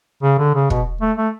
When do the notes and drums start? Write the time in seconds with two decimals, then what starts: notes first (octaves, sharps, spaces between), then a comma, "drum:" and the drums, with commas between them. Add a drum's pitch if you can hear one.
0.23 C#3
0.38 D3
0.54 C#3
0.70 B2, drum: kick
1.01 A3
1.17 A3